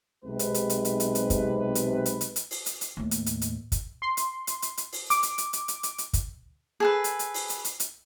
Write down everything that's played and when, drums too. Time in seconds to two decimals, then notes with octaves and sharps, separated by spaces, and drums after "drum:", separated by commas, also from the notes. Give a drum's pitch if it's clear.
0.25 B1 C3 G#3 B4
0.39 drum: hi-hat
0.54 drum: hi-hat
0.70 drum: hi-hat
0.85 drum: hi-hat
1.00 drum: hi-hat
1.15 drum: hi-hat
1.30 drum: kick, hi-hat
1.75 drum: hi-hat
2.06 drum: hi-hat
2.21 drum: hi-hat
2.36 drum: hi-hat
2.51 drum: open hi-hat
2.66 drum: hi-hat
2.81 drum: hi-hat
2.97 D#2 A2
3.11 drum: hi-hat
3.26 drum: hi-hat
3.41 drum: hi-hat
3.72 drum: kick, hi-hat
4.02 C6
4.17 drum: hi-hat
4.47 drum: hi-hat
4.62 drum: hi-hat
4.77 drum: hi-hat
4.93 drum: open hi-hat
5.10 D6, drum: hi-hat
5.23 drum: hi-hat
5.38 drum: hi-hat
5.53 drum: hi-hat
5.68 drum: hi-hat
5.83 drum: hi-hat
5.98 drum: hi-hat
6.13 drum: kick, hi-hat
6.80 G#4 A4 B4
7.04 drum: hi-hat
7.19 drum: hi-hat
7.34 drum: open hi-hat
7.49 drum: hi-hat
7.65 drum: hi-hat
7.80 drum: hi-hat